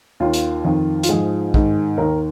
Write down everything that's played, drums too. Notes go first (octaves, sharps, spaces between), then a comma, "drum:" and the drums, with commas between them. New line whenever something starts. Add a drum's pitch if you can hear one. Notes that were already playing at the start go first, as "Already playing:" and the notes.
D#2 D#3 F4
drum: hi-hat
F2 D#3
F4, drum: hi-hat
G#2 F3 G#4
G#2 D#3, drum: kick
D#2 D#3 A#4